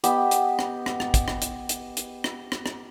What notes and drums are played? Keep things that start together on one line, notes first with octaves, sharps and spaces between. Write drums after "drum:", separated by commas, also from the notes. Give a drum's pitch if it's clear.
B3 G4 D#5 B5, drum: hi-hat
drum: hi-hat
drum: rim click
drum: rim click
drum: rim click
drum: kick, hi-hat
drum: rim click
drum: hi-hat
drum: hi-hat
drum: hi-hat
drum: rim click
drum: rim click
drum: rim click